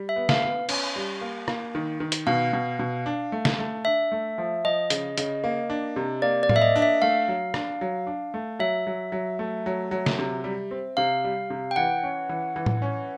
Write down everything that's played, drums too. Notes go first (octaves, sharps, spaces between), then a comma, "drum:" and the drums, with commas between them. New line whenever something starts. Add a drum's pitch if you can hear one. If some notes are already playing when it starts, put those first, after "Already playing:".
Already playing: G3
E5
B3
F5, drum: snare
B3
C#4, drum: cymbal
G3
A#3
A#3, drum: rim click
D#3
D#3
drum: hi-hat
B2 F5
B2
B2
D4
A3
drum: snare
A3
D4 E5
A3
F3
F3 D#5
C#3, drum: hi-hat
C#3, drum: hi-hat
A#3
D4
C3
A#3 D5
D5
A#3, drum: tom A2
E5
D#5
D4
E5
A3 F5
F#3
D4, drum: rim click
F#3
D4
A3
F#3 E5
F#3
F#3
A3
F#3
F#3
drum: snare
C3
G3
C4
C3 F5
G3
C3
G5
E3 F#5
C#4
E3
E3
drum: tom A2
C#4